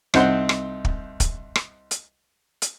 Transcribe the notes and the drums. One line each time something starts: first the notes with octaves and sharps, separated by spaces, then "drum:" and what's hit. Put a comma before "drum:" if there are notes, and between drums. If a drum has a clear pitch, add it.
C2 C4 D#4 C5 F#5 C6, drum: rim click
drum: rim click
drum: kick
drum: kick, hi-hat
drum: rim click
drum: hi-hat
drum: hi-hat